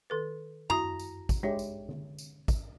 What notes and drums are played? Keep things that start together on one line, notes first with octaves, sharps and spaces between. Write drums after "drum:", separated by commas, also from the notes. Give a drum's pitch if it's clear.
D#3 A4 B4
E4 F#4 A#5, drum: tom F#2
drum: tambourine
drum: kick, tambourine
G#3 D4 G4 C#5 E5
drum: tambourine
drum: tom D3
drum: tambourine
drum: kick, tambourine